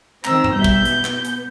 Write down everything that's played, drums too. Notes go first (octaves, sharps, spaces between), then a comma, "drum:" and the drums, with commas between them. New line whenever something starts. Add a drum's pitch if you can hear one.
D#3 C4 A#5 E6, drum: clap
drum: tom G2
B2 G3 E5 G6
drum: kick
B3, drum: hi-hat
drum: clap
drum: hi-hat